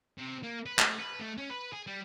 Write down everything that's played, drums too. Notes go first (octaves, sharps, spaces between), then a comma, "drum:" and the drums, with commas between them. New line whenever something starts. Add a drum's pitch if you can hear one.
C3
A#3
B4
A3, drum: clap
B4
A3
C#4
B4
G#4
G3